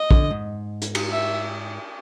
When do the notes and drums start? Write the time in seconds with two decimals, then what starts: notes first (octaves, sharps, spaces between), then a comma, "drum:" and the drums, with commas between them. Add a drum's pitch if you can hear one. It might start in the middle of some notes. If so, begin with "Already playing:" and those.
Already playing: D#5
0.11 D3, drum: kick
0.31 G#2
0.82 drum: hi-hat
0.95 drum: cymbal
1.12 E5